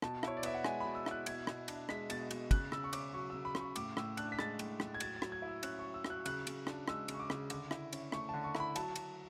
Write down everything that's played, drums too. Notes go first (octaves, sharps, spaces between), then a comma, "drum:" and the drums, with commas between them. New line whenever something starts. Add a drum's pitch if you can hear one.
B2 A5, drum: rim click
E4 C#5, drum: rim click
D5
B3 E5, drum: cymbal
F#5
G#3 G#5, drum: rim click
B2 B5
E6
E4 F#6, drum: rim click
B2 G#6, drum: cymbal
B2, drum: rim click
D4, drum: cymbal
G#3 B6, drum: rim click
B2 A6, drum: cymbal
B2, drum: cymbal
C#3 F#6, drum: kick, cymbal
C#3 E6, drum: rim click
C#6
C#4 D6, drum: cymbal
F#3 C#6
C#3 E6
B5
C#3, drum: rim click
C#6
A2 D6, drum: cymbal
A2 E6, drum: rim click
D4 F#6, drum: cymbal
B6
G#3 A6, drum: rim click
A2, drum: cymbal
A2, drum: rim click
G#6
F#3 A6, drum: cymbal
A6
F#3, drum: rim click
G#6
E4
E6
C#4 F#6, drum: cymbal
F#3 C#6
E6
F#3, drum: rim click
F#6
C#3 F#6, drum: cymbal
C#3, drum: cymbal
D4, drum: rim click
G#3 E6, drum: rim click
C#3, drum: cymbal
C#6
D6
C#3, drum: rim click
D3 D6, drum: cymbal
E4, drum: rim click
C#4, drum: cymbal
A3 C#6, drum: rim click
D3 A5
C#6
E4, drum: rim click
B5
F#3 A5, drum: cymbal
F#3, drum: cymbal